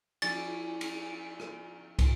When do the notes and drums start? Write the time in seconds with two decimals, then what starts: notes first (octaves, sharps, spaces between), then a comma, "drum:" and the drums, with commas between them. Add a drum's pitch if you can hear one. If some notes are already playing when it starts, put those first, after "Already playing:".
0.22 F3 C#4 E4 D5 G#5 C#6 A6, drum: cymbal
0.81 drum: cymbal
1.40 drum: rim click
1.99 drum: kick, cymbal